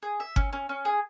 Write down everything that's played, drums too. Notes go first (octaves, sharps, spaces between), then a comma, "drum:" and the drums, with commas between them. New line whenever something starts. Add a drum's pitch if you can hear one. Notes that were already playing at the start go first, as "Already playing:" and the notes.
G#4
E5
C#4, drum: kick G1
C#4
C#4
G#4